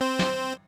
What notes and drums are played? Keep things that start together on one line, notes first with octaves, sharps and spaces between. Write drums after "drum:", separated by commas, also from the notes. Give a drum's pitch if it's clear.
C4 C5
drum: snare